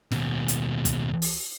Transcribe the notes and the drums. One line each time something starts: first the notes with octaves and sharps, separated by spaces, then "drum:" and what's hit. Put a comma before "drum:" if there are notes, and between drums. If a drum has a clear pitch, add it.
D#2 B2, drum: snare
drum: hi-hat
drum: kick, hi-hat
drum: open hi-hat